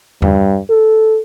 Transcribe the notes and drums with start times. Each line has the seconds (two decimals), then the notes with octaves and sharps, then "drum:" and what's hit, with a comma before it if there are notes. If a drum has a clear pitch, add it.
0.22 G2, drum: tom E2
0.70 A4